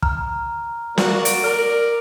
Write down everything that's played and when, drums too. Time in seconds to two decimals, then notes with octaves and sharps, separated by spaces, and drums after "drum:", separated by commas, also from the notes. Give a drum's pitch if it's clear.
0.02 A#5 F6, drum: kick
0.98 A#3 F#4 D5, drum: snare
1.25 D7, drum: hi-hat
1.44 A#4 D5 F6